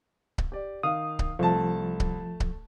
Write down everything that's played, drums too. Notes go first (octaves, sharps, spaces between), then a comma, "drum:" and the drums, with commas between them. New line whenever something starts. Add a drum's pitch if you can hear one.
drum: kick C#1
G4 D5
D#3 F5 D#6
drum: kick C#1
C2 F3 A3 A5
drum: kick C#1
drum: kick C#1